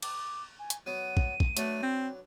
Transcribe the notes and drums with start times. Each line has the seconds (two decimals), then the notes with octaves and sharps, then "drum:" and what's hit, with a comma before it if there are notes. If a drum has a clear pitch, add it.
0.03 D6, drum: cymbal
0.59 G#5
0.70 drum: hi-hat
0.86 F#3 B3 D#7
1.17 drum: kick
1.40 drum: kick
1.57 F#3 A3 D4 B4, drum: hi-hat
1.83 C4